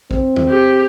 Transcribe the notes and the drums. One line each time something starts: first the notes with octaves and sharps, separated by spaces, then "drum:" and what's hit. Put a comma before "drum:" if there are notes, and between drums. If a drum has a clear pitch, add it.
C4, drum: kick A1
drum: tom E2
G4